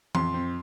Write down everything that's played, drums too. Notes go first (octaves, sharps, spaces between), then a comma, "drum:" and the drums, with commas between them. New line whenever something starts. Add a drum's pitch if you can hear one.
F2 C6, drum: tom E3
C4